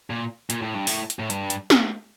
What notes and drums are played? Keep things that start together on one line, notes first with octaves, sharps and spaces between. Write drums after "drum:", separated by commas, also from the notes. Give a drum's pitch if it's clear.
A#2
A#2, drum: hi-hat
A2
G2
A2, drum: open hi-hat
drum: hi-hat
A2
G2, drum: hi-hat
drum: hi-hat
drum: snare